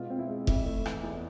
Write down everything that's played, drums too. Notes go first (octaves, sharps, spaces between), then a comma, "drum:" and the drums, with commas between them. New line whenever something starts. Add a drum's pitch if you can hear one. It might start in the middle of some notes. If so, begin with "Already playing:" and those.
Already playing: B2 G#3 F4
C4
E4
G#3
F2 E4, drum: kick F1
A3
E3, drum: rim click
E2 E4